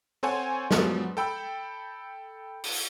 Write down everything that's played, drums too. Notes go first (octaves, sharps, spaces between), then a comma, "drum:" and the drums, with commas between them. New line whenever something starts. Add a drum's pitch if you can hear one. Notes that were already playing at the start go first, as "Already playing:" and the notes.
C4 A4 C5 C#5 F#5 G#5
F3 F#3 G#3 B3 D4, drum: snare
A4 G5 B5 E6
drum: open hi-hat